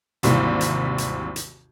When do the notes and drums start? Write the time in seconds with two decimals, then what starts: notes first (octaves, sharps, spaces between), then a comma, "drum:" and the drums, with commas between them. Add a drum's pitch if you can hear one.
0.23 G#1 D#2 C3 E3 G3, drum: hi-hat
0.61 drum: hi-hat
0.98 drum: hi-hat
1.36 drum: hi-hat